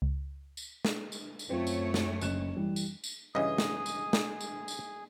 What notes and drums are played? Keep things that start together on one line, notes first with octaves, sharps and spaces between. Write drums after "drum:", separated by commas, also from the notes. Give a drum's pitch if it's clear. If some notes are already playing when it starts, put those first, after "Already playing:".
C#2
drum: tambourine
drum: snare
drum: tambourine
drum: tambourine
F#2 A3 C4 F4 C#5
drum: tambourine
drum: snare
F#1 F#6 E7, drum: tambourine
E3 G3
drum: tambourine
drum: tambourine
G2 C#3 E3 G#4 D#5 D#6
drum: snare
drum: tambourine
drum: snare
drum: tambourine
drum: tambourine